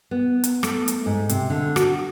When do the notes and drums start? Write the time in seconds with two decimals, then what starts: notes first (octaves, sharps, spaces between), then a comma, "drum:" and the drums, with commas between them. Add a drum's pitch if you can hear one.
0.11 B3
0.44 drum: hi-hat
0.63 A3, drum: rim click
0.88 drum: hi-hat
1.06 G#2
1.29 C3, drum: hi-hat
1.50 D3
1.76 F#4, drum: rim click